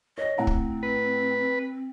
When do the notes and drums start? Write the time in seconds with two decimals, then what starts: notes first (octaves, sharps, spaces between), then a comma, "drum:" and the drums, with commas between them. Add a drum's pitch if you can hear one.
0.18 C#5 D#5 A#6
0.38 A2 C4 F#5 A#5
0.47 drum: kick
0.83 B4